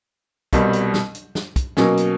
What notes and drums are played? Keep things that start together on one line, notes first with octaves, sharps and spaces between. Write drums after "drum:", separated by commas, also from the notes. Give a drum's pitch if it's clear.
C2 B2 G3 C4, drum: kick, hi-hat
drum: hi-hat
drum: snare
drum: hi-hat
drum: snare
drum: kick, hi-hat
B2 F#3 A#3 C#4, drum: snare
drum: hi-hat